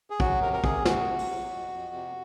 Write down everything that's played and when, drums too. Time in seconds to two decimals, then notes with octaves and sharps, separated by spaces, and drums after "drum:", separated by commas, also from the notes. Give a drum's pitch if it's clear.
0.10 G#4
0.20 F#3 F#4, drum: kick
0.41 C3 A#4
0.53 A#4
0.64 C3 G#4, drum: kick
0.85 C3 F#4, drum: snare
1.07 C3
1.19 drum: open hi-hat
1.29 F#3
1.51 F2
1.72 F2
1.94 C3